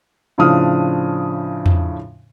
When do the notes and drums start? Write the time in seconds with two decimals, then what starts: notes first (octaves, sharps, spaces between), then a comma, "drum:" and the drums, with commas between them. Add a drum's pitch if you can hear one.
0.38 A2 C#3 F3 D4 D#6 F6
1.66 drum: tom E2